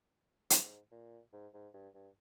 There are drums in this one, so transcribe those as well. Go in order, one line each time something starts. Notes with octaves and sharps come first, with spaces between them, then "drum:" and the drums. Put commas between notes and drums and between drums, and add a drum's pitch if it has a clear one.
G#2, drum: hi-hat
A#2
G#2
G#2
G2
G2